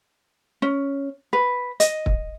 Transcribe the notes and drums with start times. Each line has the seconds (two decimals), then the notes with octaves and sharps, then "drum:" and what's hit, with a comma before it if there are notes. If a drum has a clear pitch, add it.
0.62 C#4
1.33 B4
1.80 D#5, drum: hi-hat
2.06 drum: kick